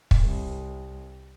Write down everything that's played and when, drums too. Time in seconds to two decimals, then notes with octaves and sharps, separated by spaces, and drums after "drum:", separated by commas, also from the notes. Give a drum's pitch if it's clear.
0.11 drum: kick
0.20 C2